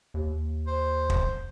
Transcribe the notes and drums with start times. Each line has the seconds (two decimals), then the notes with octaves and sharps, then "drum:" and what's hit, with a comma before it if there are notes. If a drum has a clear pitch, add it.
0.14 D#2
0.67 C5
1.10 drum: kick